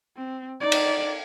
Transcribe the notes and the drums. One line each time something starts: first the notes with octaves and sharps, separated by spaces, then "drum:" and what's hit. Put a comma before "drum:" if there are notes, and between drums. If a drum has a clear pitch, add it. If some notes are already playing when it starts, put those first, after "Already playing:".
C4
D#4 D5
drum: cymbal